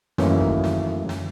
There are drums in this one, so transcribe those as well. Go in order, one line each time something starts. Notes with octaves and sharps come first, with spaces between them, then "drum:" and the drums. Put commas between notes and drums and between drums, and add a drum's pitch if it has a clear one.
F#2 D#3 E3 A3 A#3 C#4, drum: snare
drum: kick
drum: snare
drum: snare